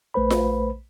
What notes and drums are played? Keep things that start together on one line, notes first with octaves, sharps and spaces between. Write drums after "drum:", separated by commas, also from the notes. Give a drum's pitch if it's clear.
A#1 A3 B4 C5 B5
drum: snare F4